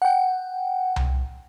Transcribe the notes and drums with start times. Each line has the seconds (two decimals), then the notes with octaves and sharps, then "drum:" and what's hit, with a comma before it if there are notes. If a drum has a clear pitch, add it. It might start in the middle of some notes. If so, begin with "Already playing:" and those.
0.02 F#5 G5
0.96 drum: tom C2